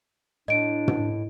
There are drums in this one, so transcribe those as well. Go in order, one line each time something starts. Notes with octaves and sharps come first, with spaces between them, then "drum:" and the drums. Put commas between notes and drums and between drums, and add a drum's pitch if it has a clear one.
A2 D4 D#5 D7
drum: tom